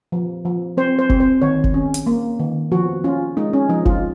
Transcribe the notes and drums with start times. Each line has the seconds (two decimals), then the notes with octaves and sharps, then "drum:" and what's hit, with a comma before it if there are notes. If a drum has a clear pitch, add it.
0.12 F3
0.45 F3
0.77 C4 C5
0.99 C5
1.10 C4, drum: kick F#1
1.20 C5
1.42 D#3 C#5
1.64 drum: kick F#1
1.74 C#4
1.94 drum: hi-hat
2.06 A#3
2.39 D#3
2.72 F3 F#4
3.04 C#4 F4
3.37 G#3 D#4
3.53 C#4
3.69 F3 D#4
3.85 F4, drum: kick F#1